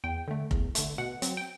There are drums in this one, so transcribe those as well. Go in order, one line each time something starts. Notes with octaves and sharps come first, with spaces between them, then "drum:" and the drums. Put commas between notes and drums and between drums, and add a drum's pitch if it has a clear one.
E2 G5
D3 A3
E2, drum: kick F1
D3 A3, drum: hi-hat
B2 F#5
F#3 C4, drum: hi-hat
G5